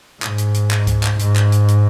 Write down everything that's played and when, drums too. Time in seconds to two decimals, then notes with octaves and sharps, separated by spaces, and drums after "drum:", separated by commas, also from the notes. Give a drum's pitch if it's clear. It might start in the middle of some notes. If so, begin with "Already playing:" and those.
0.22 G#2, drum: clap
0.38 drum: hi-hat
0.54 drum: hi-hat
0.71 drum: clap
0.87 drum: kick C#2, hi-hat
1.03 drum: clap
1.19 G#2, drum: hi-hat
1.36 drum: clap
1.52 drum: hi-hat
1.68 drum: hi-hat